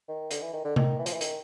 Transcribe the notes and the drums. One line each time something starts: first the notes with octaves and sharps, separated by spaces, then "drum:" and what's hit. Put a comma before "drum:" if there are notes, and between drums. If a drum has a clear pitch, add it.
D#3
D3, drum: hi-hat
E3
D#3
D3
D#3, drum: tom C3
E3
F3, drum: hi-hat
E3
D#3, drum: hi-hat